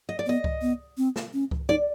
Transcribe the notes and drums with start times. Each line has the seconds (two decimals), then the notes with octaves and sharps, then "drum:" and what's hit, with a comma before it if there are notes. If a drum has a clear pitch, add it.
0.09 D#5
0.19 D5
0.26 B3 D#5
0.44 drum: kick C#2
0.62 B3
0.98 C4
1.16 drum: snare
1.33 C#4
1.51 drum: kick C#2
1.69 D#4 D5